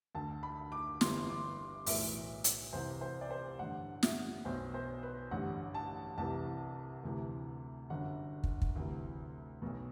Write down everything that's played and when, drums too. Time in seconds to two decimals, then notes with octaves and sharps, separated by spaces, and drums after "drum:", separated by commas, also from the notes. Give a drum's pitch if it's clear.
0.15 D2 D3 A5
0.43 B5
0.72 D6
1.01 G1 G2 E3 C6, drum: snare
1.29 D6
1.86 B1 A2 E3 E5, drum: open hi-hat
2.44 drum: hi-hat
2.73 C2 C3 E3 C5
3.01 C5
3.21 D5
3.30 C5
3.59 A1 G2 D3 F#5
4.03 E5, drum: snare
4.45 B1 B2 C5
4.74 C5
5.03 B4
5.31 A1 G2 D3 F#5
5.74 A5
6.18 C2 C3 E3 A5
7.04 D2 C3 E3
7.90 G1 F#2 D3 F#5
8.44 drum: kick
8.62 drum: kick
8.76 D2 C3 E3
9.62 B1 B2